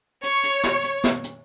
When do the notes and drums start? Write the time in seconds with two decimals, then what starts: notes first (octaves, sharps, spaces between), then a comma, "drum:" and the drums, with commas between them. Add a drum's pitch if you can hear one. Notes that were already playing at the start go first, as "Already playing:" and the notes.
0.23 C#5, drum: hi-hat
0.43 drum: hi-hat
0.64 drum: snare
0.84 drum: hi-hat
1.04 drum: snare
1.24 drum: hi-hat